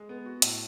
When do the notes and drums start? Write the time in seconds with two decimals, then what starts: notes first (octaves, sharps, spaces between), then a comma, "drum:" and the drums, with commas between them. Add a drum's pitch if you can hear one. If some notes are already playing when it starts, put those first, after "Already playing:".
Already playing: G#3
0.09 B3
0.26 F#4
0.42 A2, drum: hi-hat